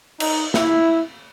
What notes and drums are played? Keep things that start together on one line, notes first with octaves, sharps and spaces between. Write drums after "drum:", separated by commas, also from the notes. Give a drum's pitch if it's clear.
D#4, drum: cymbal
E4, drum: snare